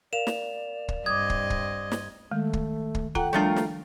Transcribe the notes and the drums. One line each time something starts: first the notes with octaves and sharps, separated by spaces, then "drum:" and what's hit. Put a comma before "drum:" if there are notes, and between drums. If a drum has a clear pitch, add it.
A#4 D5 F5 E7 F7
drum: snare
drum: kick
G2 C4 D#5 D6 D#6 G#6
drum: kick
drum: kick
drum: snare
D#3 G#3 A3
drum: kick
drum: kick
F4 A4 F#5 G5 A#5, drum: kick
F3 G3 A3 D4 F4 A#4
drum: snare